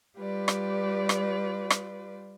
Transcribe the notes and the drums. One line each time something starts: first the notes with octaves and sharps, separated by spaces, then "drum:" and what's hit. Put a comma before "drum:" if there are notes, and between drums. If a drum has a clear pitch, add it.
G3 F4 G4 B4 D5
drum: rim click
drum: rim click
drum: rim click